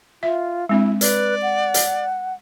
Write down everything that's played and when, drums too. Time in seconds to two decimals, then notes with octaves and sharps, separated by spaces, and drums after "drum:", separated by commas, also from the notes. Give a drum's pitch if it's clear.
0.23 F4 E5
0.69 G#3 C4 D4 E4
1.01 B4 D5, drum: hi-hat
1.42 F#5
1.74 drum: hi-hat